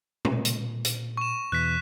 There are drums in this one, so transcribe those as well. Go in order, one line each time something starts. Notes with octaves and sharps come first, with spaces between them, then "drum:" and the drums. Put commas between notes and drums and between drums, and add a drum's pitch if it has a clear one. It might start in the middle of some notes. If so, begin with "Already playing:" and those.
A#2, drum: tom
drum: hi-hat
drum: hi-hat
C#6 E7
E2 B2 E3 F#6 B6